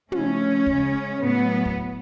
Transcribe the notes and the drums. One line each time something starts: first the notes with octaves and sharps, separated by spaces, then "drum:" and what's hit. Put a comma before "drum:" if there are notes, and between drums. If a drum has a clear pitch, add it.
C#3 F3 A3 C#4, drum: tom
C#3 G#3, drum: kick
A2 F#3 A3 B3
drum: kick